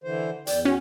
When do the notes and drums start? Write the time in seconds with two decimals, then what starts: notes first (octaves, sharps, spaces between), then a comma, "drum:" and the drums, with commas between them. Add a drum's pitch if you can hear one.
0.04 D3 E3 C5
0.47 E2 D5 G5, drum: hi-hat
0.65 C#4 F#4